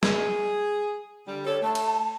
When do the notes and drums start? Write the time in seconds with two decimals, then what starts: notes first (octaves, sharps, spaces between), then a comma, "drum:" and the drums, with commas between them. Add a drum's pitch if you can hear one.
0.03 G#4, drum: snare
1.27 D3 G3
1.46 D3 G4 A4 C#5
1.62 A3 A5
1.75 drum: cymbal